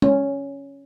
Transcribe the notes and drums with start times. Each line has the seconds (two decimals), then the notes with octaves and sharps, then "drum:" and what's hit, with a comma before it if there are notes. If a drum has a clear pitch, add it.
0.02 C#4, drum: tom G#3